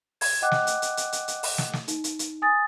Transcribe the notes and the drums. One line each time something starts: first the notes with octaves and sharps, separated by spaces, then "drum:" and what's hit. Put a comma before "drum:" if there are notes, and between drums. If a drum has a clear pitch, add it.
G#6, drum: open hi-hat
D#5 F#5 G5 D6 F#6
drum: snare
drum: hi-hat
drum: hi-hat
drum: hi-hat
drum: hi-hat
drum: hi-hat
drum: open hi-hat
drum: snare
drum: snare
D#4, drum: hi-hat
drum: hi-hat
drum: hi-hat
G#5 D#6 A6